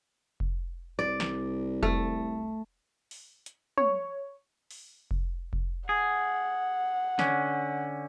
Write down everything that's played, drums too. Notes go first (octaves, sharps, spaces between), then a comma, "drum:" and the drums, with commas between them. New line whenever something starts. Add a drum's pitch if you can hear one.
drum: kick F1
C2 D5
drum: snare
A3, drum: kick F1
drum: open hi-hat
drum: hi-hat
C#5, drum: tom
drum: open hi-hat
drum: kick F1
drum: kick F1
G#4 F#5
D3 C#4, drum: snare